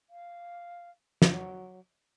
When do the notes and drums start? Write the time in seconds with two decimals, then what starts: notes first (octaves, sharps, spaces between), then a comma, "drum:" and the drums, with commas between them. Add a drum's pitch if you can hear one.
0.10 F5
1.22 F#3, drum: snare